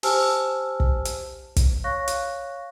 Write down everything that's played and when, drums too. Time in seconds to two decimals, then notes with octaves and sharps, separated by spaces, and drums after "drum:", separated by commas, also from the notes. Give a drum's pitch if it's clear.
0.03 G4 C5 G#5 A5 E6 F6, drum: open hi-hat
0.80 drum: kick
1.05 drum: hi-hat
1.56 drum: kick, hi-hat
1.84 C#5 F5 C#6 F#6 A#6
2.08 drum: hi-hat